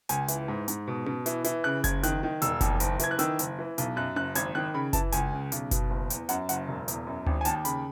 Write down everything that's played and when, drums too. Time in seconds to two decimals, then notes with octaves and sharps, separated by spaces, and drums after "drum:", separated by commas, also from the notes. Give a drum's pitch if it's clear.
0.09 C#2 G#5, drum: hi-hat
0.28 E3, drum: hi-hat
0.48 G#2
0.68 G#2, drum: hi-hat
0.87 B2
1.06 B2, drum: tom C#4
1.26 E3, drum: hi-hat
1.44 E3, drum: hi-hat
1.64 C#3 F#6
1.84 F#1 G#6, drum: kick F#1, hi-hat
2.03 D#3 F#6, drum: hi-hat
2.23 D#3
2.42 E1 E6, drum: hi-hat
2.61 D#2, drum: kick F#1, hi-hat
2.80 F#1, drum: hi-hat
2.99 E3 G#6, drum: hi-hat
3.11 F#6
3.19 D#3 E6, drum: hi-hat
3.39 F#1, drum: hi-hat
3.59 E3
3.78 B1, drum: hi-hat
3.96 F#2 F#6
4.16 F#1 F#6, drum: tom C#4
4.35 G#1 G#6, drum: hi-hat
4.55 D#3 F#6
4.74 C#3 B5
4.93 E3 A5, drum: kick F#1, hi-hat
5.12 C#2 G#5, drum: hi-hat
5.33 C#3
5.52 B1, drum: hi-hat
5.71 B2, drum: kick F#1, hi-hat
5.90 F#1
6.10 E2, drum: hi-hat
6.29 F#2 F#5, drum: hi-hat
6.49 F#1 F#5, drum: hi-hat
6.68 E1
6.88 E2, drum: hi-hat
7.07 F#2
7.26 G#1, drum: tom D2
7.41 G#5
7.45 D#2 A5, drum: hi-hat
7.65 C#3 B5, drum: hi-hat